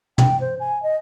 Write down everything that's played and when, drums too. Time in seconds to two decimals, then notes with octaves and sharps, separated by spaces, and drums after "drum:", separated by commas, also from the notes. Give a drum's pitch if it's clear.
0.18 G5, drum: tom
0.41 C5
0.60 G#5
0.83 D#5